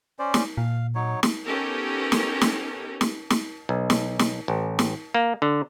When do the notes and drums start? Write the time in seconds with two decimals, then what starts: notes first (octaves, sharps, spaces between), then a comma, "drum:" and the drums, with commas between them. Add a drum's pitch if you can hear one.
0.19 C#4 C5 D5
0.34 drum: snare
0.58 A#2 F5
0.95 F#3 D#4 C#5
1.23 drum: snare
1.45 B3 C#4 D#4 G4 A4 A#4
2.12 drum: snare
2.41 drum: snare
3.01 drum: snare
3.30 drum: snare
3.69 B1
3.90 drum: snare
4.19 drum: snare
4.48 A1
4.79 drum: snare
5.14 A#3
5.42 D3